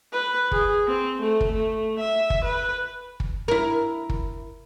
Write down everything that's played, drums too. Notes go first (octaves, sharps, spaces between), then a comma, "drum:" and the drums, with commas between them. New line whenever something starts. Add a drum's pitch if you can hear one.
B4
G#4, drum: kick
C4
A3
drum: kick
A3
E5
drum: kick
B4
drum: kick
E4 A#4
drum: kick